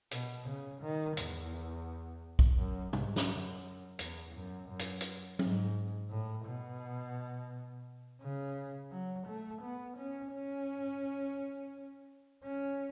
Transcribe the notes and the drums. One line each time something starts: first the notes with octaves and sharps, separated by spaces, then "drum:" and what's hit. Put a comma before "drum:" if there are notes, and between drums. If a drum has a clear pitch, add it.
B2, drum: hi-hat
C#3
D#3
E2, drum: hi-hat
drum: kick B1
F#2
G#2, drum: tom
drum: snare
F#2
E2, drum: hi-hat
F#2
F#2
drum: hi-hat
drum: hi-hat
G#2, drum: tom F#3
A2
B2
C#3
F#3
A3
B3
C#4
C#4
C#4